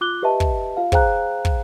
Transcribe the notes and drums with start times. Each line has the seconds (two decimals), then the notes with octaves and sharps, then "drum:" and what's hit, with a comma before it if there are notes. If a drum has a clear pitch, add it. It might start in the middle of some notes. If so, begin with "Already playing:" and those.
0.01 F4 D6 F#6 G7
0.22 G4 B4 D#5 E5 A5
0.40 drum: kick
0.77 F4 F5
0.92 G#4 C5 F5 G5 A#5 F#6, drum: kick
1.45 drum: kick